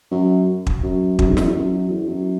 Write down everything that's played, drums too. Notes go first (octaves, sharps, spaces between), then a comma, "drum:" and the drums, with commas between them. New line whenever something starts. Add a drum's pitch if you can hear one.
F#2
drum: kick
F#2
F#2, drum: kick
G#2
F#2, drum: snare
E2
F#2
E2
F#2